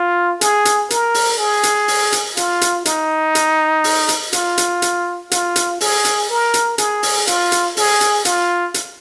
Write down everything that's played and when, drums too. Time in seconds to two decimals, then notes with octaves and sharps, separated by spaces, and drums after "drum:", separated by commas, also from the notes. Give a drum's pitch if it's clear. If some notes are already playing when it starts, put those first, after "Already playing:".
Already playing: F4
0.41 G#4, drum: hi-hat
0.65 drum: hi-hat
0.90 A#4, drum: hi-hat
1.14 drum: open hi-hat
1.38 G#4
1.63 drum: hi-hat
1.88 drum: open hi-hat
2.12 drum: hi-hat
2.37 F4, drum: hi-hat
2.61 drum: hi-hat
2.85 D#4, drum: hi-hat
3.35 drum: hi-hat
3.84 drum: open hi-hat
4.09 drum: hi-hat
4.33 F4, drum: hi-hat
4.58 drum: hi-hat
4.82 drum: hi-hat
5.31 F4, drum: hi-hat
5.56 drum: hi-hat
5.81 G#4, drum: open hi-hat
6.05 drum: hi-hat
6.29 A#4
6.54 drum: hi-hat
6.78 G#4, drum: hi-hat
7.03 drum: open hi-hat
7.27 F4, drum: hi-hat
7.52 drum: hi-hat
7.77 G#4, drum: open hi-hat
8.01 drum: hi-hat
8.25 F4, drum: hi-hat
8.74 drum: hi-hat